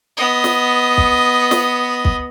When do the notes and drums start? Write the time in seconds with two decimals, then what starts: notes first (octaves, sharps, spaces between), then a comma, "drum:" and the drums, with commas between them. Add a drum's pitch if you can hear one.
0.17 B3 D#5
0.44 drum: snare
0.98 drum: kick
1.51 drum: snare
2.05 drum: kick